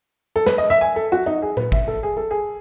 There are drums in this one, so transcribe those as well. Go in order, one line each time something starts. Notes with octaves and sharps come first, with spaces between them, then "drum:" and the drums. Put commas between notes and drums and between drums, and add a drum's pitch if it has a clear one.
A4
B4, drum: snare
D#5
E5
G#5
A4
F#4
D#4
G#4
B4, drum: tom A#2
E5, drum: kick
A4
G#4
A4
G#4